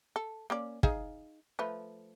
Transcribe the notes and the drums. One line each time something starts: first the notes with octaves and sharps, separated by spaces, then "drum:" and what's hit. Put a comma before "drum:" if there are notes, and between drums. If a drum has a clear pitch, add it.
A4
A#3 C#4 D5
D#4 G#4 F5, drum: kick
F3 A3 B4